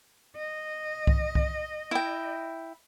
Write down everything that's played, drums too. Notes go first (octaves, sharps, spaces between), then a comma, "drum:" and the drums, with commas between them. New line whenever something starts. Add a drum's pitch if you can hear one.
D#5
drum: kick C2
drum: kick C2
E4 G5